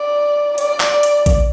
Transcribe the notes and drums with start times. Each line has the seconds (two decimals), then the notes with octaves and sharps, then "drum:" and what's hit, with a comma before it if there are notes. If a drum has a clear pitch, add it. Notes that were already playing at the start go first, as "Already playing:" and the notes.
Already playing: D5
0.58 D5, drum: hi-hat
0.80 drum: clap
1.03 drum: hi-hat
1.26 drum: kick A#1, hi-hat